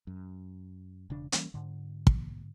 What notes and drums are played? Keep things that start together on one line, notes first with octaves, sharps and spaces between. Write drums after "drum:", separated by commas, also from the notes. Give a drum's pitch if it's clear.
F#2
E1 C#3 D4
E3 G3 A#3 C#4, drum: hi-hat
G#2 D3
drum: kick